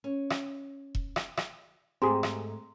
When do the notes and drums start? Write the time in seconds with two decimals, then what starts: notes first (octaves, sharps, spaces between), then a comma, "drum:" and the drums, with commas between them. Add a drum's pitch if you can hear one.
0.04 C#4
0.30 drum: rim click
0.95 drum: kick E1
1.16 drum: rim click
1.37 drum: rim click
2.02 G#2 A3 C4 G4 G#4 A#5 C6
2.23 drum: rim click